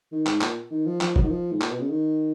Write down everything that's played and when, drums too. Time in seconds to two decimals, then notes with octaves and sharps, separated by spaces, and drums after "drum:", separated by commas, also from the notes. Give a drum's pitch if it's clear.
0.12 D#3
0.27 G#2, drum: clap
0.41 A#2, drum: clap
0.71 D#3
0.86 F3
1.01 F3, drum: clap
1.16 F#3, drum: kick F1
1.24 D#3
1.30 F3
1.52 G#2
1.62 A#2, drum: clap
1.71 B2
1.80 C#3
1.90 D#3